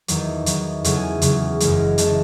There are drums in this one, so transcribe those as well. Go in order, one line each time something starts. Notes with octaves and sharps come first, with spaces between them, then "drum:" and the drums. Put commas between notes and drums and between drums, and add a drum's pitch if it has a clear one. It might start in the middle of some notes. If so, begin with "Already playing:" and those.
E2 D#3 F#3, drum: hi-hat
E2 D#3 F#3, drum: hi-hat
E2 C#3 F#3 A4, drum: hi-hat
G#5
E2 C#3 F#3, drum: hi-hat
F#1 F#2 E3 G#3, drum: hi-hat
F#1 E3 G#3 A5, drum: hi-hat